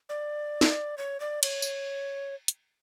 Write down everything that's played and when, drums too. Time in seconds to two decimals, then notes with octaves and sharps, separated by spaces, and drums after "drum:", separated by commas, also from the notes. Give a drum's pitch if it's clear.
0.09 D5
0.61 drum: snare
0.98 C#5
1.20 D5
1.43 C#5, drum: cymbal
1.62 drum: tambourine
2.48 drum: hi-hat